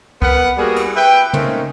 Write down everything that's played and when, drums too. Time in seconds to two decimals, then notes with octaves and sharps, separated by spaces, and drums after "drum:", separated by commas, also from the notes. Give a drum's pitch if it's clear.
0.22 B3 A#4 B4 F#5, drum: kick
0.57 G3 A#3 B3 F#4 G#4
0.76 drum: cymbal
0.96 B4 E5 G5
1.33 A3 A#3 C4 C#4 D#4, drum: tom